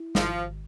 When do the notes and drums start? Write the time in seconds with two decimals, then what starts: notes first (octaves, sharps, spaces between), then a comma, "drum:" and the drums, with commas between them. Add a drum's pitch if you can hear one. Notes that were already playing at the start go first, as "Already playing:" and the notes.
Already playing: E4
0.15 G#1 F3, drum: snare